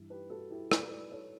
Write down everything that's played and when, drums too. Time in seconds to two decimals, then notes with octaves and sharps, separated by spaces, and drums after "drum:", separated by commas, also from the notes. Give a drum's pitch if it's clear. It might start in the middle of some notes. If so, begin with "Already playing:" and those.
Already playing: G2 E3
0.10 G4 B4
0.30 F#4 A4
0.50 E4 G4
0.71 B4 D5, drum: rim click
0.91 B4 D5
1.12 A4 C#5